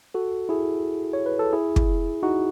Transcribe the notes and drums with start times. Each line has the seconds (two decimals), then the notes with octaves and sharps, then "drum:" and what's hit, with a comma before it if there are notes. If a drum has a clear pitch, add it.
0.14 F#4 A4
0.49 E4 G#4
1.13 C#5
1.26 B4
1.39 A4
1.52 E4 G#4
1.76 drum: kick
2.23 D#4 F#4